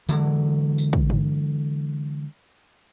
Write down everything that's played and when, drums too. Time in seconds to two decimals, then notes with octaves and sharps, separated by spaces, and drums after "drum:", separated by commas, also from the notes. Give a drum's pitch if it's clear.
0.09 D3 E3 F#3 G#3, drum: tambourine
0.78 drum: tambourine
0.93 drum: kick
1.10 drum: tom G2